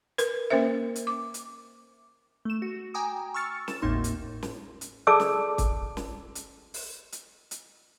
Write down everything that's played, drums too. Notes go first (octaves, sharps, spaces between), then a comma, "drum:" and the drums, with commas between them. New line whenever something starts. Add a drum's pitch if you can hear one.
A#4 B4, drum: hi-hat
A#3 C#4 A#4 C5 E5
drum: hi-hat
D6
drum: hi-hat
A3 E7
F#4
G5 G#5 A#5 D6 D#6
C#6 E6 F6 A6 C#7
A6 E7, drum: snare
G#1 D#2 A2 A#3 D#4 C6
drum: hi-hat
drum: snare
drum: hi-hat
G#4 A4 D5 A5 D6 E6
drum: snare
drum: kick, hi-hat
drum: snare
drum: hi-hat
drum: open hi-hat
drum: hi-hat
drum: hi-hat